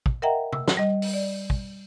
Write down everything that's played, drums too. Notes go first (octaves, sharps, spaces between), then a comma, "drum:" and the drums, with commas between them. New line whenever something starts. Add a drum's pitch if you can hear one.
drum: kick
A#4 D#5 E5 F#5 G5 A#5
E6, drum: tom
drum: snare
G3 D#5
drum: open hi-hat
D5
drum: kick